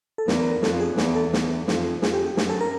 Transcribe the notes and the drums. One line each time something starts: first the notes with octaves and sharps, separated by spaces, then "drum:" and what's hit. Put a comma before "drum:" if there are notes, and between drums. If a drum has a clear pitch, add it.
A4
E2 A#4, drum: snare
A#4
A#4
F2 A4, drum: snare
G#4
E2 G#4, drum: snare
A4
E2, drum: snare
F2, drum: snare
F2 G#4, drum: snare
G4
G4
F#2 G#4, drum: snare
A4
A#4